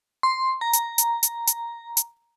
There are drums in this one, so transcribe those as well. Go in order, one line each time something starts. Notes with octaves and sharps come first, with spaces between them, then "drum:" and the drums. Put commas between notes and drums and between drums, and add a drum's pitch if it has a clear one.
C6
A#5
drum: hi-hat
drum: hi-hat
drum: hi-hat
drum: hi-hat
drum: hi-hat